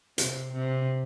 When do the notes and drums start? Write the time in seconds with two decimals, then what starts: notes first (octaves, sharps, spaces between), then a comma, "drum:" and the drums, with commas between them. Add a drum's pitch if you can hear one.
0.18 C3, drum: hi-hat
0.52 C3